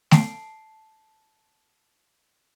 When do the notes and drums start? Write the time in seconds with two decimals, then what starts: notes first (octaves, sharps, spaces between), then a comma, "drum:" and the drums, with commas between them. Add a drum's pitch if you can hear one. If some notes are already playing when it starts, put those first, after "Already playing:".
0.11 A5 C7, drum: snare A3